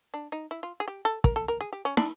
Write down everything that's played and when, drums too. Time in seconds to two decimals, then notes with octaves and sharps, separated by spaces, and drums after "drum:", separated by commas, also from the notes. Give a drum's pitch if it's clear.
0.14 D4
0.32 D#4
0.51 E4
0.63 F4
0.80 G#4
0.88 G4
1.05 A4
1.24 A#4, drum: kick
1.36 A4
1.48 A#4
1.61 G#4
1.73 G4
1.85 C#4
1.97 D4, drum: snare